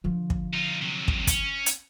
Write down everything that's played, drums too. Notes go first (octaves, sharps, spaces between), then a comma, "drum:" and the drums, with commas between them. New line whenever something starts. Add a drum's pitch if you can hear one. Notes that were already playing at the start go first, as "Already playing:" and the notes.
D3 F3
drum: kick
D#4 F4
C3 F#3
drum: kick
C#4, drum: kick, hi-hat
drum: hi-hat